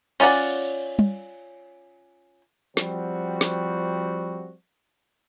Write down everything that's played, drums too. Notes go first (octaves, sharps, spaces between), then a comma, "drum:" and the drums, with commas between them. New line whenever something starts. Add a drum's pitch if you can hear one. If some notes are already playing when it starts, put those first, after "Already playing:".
C#4 F4 D5 F#5, drum: cymbal
drum: tom G3
F3 G3 C4 F#4, drum: snare
drum: snare